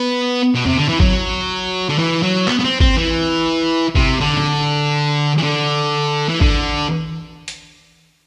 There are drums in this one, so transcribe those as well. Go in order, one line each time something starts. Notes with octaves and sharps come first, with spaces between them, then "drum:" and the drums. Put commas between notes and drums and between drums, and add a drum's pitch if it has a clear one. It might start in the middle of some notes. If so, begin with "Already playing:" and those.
Already playing: B3
B2
C3, drum: tom E2
D3
E3
F#3, drum: kick
D3
E3
F#3
B3, drum: clap
B3
C4
C4, drum: kick
E3
C3, drum: kick
D3
drum: tom
E3
D3
E3
D3, drum: kick
drum: hi-hat